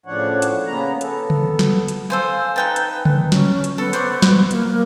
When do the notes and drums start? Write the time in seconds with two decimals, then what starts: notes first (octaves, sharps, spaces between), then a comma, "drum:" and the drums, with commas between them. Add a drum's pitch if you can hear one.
0.06 A2 C#3 F3 D4 C#5 F#5
0.42 drum: hi-hat
0.66 C#3 A#3 B3 C#4 A#5
1.01 B3 A4, drum: hi-hat
1.30 drum: tom C#3
1.59 drum: snare
1.88 drum: hi-hat
2.10 A4 C5 F5 G#5
2.56 D#4 B4 G5 A5
2.76 drum: hi-hat
3.05 drum: tom C#3
3.32 C#4, drum: snare
3.64 drum: hi-hat
3.78 B3 A4
3.93 C5 D5 C#6, drum: hi-hat
4.22 drum: snare
4.51 A#3, drum: hi-hat